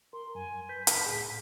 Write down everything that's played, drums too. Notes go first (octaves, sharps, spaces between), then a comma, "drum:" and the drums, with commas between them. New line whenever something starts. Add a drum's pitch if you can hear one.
A#4 C6
F#2 G#5
B4 G6 B6
C#2 B5, drum: hi-hat
A2 G#4